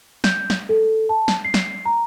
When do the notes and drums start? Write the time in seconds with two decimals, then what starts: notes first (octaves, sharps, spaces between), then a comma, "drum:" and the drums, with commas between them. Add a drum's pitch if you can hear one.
0.24 G6, drum: snare
0.50 drum: snare
0.69 A4
1.09 A5
1.28 drum: snare
1.45 C7
1.54 drum: snare
1.85 A#5